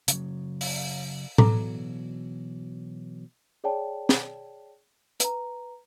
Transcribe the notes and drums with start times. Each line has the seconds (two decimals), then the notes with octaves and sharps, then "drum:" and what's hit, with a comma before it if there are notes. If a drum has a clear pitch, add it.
0.08 C#3 F#3, drum: hi-hat
0.61 drum: open hi-hat
1.38 B2 E3 F#3 A4 A#5 D6, drum: tom A2
3.64 G#4 C#5 D5 G5 A5
4.09 drum: snare
5.20 B4 A#5, drum: hi-hat